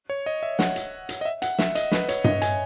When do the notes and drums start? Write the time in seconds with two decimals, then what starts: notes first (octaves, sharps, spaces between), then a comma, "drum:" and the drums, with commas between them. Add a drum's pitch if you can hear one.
0.10 C#5
0.26 D#5
0.43 E5
0.59 F#5, drum: snare
0.76 drum: hi-hat
1.09 drum: hi-hat
1.21 D#5
1.25 E5
1.42 F#5, drum: hi-hat
1.59 E5, drum: snare
1.75 D#5, drum: hi-hat
1.92 B4, drum: snare
2.09 C#5, drum: hi-hat
2.24 D#5, drum: tom G2
2.42 G#5, drum: hi-hat